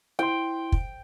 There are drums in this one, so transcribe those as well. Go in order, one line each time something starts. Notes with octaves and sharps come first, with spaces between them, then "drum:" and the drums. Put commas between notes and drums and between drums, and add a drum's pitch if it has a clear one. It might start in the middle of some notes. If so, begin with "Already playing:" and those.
E4 G5 C6
drum: kick